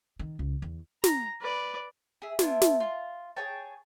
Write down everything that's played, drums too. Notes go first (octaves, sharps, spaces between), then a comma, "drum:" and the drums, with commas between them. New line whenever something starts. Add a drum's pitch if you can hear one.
D#3
C#2
E2
A#5, drum: snare
B4 D5
G#4 E5
B3 D4 E4 F4, drum: snare
drum: snare
F4
G#4 C#5 G5 A5